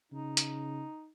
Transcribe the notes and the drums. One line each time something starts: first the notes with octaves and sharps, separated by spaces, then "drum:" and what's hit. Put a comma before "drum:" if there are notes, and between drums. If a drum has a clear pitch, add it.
C#3 D#4
drum: hi-hat